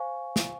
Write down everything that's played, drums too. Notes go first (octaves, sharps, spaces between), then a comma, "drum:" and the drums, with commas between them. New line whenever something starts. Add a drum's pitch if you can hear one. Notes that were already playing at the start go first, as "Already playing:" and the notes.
Already playing: C5 F5 G#5 C#6
drum: snare